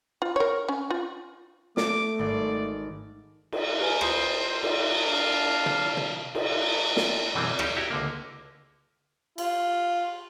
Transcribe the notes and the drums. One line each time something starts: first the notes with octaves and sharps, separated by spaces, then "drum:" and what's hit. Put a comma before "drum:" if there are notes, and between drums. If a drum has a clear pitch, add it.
F4
A#4 C#5
C#4
F4
A3 D6, drum: snare
G#1 D5
drum: cymbal
G4 B4 G#5
F4 C5 D#6, drum: rim click
drum: cymbal
D4 F5 A5
drum: tom
drum: tom
drum: cymbal
drum: snare
F#2 B2 E3 G3 C4
C#4 D#4 G4 G#4, drum: rim click
E4 F#4 G4
C#2 D3 A#3
F4, drum: cymbal